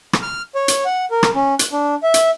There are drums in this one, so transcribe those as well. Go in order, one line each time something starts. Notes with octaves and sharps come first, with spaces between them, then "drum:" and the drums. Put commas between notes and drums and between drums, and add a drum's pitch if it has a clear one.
drum: rim click
F6
C#5
drum: hi-hat
F#5
A#4
drum: rim click
C#4
F#6, drum: hi-hat
D4
E5
drum: hi-hat